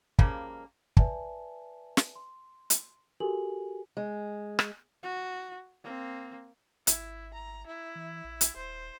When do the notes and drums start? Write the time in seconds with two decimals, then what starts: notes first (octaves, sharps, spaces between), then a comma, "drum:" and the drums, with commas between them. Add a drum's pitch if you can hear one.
0.19 C#3 F3 G3 A#3, drum: kick
0.97 B4 D5 E5 G#5 A5, drum: kick
1.97 drum: snare
2.16 C6
2.70 drum: hi-hat
3.20 F#4 G4 A4 A#4 G#5 F#7
3.97 G#3
4.59 drum: rim click
5.03 F#4
5.84 A#3 C4
6.87 G#1 E4, drum: hi-hat
7.34 A#5
7.67 E4
7.95 E3
8.24 A#1
8.41 drum: hi-hat
8.56 D#1 C5